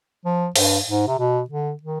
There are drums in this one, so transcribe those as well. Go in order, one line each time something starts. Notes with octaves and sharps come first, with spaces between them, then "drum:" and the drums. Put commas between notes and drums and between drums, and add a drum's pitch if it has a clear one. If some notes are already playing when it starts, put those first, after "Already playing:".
F3
G2, drum: open hi-hat
G#2
C3
B2
D3
D#3